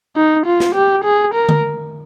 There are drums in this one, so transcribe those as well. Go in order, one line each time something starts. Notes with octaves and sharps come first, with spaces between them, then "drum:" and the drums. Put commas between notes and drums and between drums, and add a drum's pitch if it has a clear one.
D#4
F4
drum: snare
G4
G#4
A#4
drum: tom D3